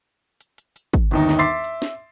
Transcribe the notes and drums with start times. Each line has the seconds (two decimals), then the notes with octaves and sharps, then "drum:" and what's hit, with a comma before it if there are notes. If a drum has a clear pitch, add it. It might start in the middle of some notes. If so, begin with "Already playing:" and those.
0.41 drum: hi-hat
0.58 drum: hi-hat
0.76 drum: hi-hat
0.94 drum: kick, hi-hat
1.11 G1 D#2 D#4, drum: hi-hat
1.29 drum: snare
1.39 E5 C6 D6 A6 C7
1.64 drum: hi-hat
1.82 drum: snare